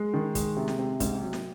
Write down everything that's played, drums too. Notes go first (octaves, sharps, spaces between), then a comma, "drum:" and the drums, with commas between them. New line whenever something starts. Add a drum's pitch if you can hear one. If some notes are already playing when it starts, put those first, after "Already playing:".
Already playing: G#3
D#3
G#3, drum: kick, hi-hat
C3
drum: snare
C3
G#2, drum: kick, hi-hat
F#3
drum: snare